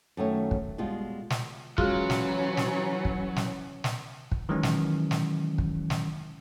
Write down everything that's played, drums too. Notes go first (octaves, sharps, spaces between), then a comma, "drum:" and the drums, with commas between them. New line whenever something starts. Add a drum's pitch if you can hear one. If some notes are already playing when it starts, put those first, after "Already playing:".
F#2 D#3 A3 C#5
drum: kick
B2 G3 G#3 F4
drum: snare
E3 F#3 G#3 C#4 F4 F#4 G#4, drum: kick
drum: snare
drum: snare
drum: kick
drum: snare
drum: snare
drum: kick
D#3 E3 F#3 G#3 C#4
drum: snare
drum: snare
drum: kick
drum: snare